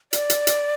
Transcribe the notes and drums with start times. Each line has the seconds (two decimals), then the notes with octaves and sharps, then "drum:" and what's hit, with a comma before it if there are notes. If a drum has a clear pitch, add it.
0.13 D5, drum: hi-hat
0.30 drum: hi-hat
0.47 drum: hi-hat